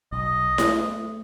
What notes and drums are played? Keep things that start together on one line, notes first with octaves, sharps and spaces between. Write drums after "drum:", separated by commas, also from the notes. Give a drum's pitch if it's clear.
B1 D#5
A3, drum: snare E4